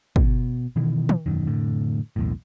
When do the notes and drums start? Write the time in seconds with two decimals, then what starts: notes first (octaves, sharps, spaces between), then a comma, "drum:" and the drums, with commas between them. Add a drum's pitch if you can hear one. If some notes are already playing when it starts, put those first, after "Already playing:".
0.16 B2, drum: kick
0.76 B2 D#3 E3
1.09 drum: tom D#3
1.26 E1 C2 F#2 D#3
1.47 F1 A2 D3
2.16 B1 E2 A2